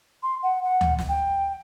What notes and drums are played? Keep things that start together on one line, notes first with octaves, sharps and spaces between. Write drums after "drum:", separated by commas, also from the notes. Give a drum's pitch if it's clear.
C6
F#5
F#5
drum: tom D2
drum: snare
G5